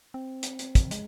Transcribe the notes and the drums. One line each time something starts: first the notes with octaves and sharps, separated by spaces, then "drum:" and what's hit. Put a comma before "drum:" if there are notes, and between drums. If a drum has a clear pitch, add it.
C4
drum: hi-hat
drum: hi-hat
drum: kick, hi-hat
G#3, drum: hi-hat